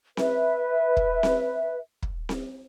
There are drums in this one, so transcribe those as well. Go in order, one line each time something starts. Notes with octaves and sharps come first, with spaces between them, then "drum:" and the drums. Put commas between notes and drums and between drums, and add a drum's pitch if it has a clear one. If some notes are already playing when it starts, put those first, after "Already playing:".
B4 E5, drum: snare C4
drum: kick
drum: snare C4
drum: kick
drum: snare C4